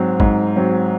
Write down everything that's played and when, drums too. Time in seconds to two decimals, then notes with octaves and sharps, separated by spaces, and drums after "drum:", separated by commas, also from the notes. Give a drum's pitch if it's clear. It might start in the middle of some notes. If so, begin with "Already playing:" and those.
Already playing: G#2 F#3 C4
0.20 G#2, drum: kick A1
0.56 F#3 C4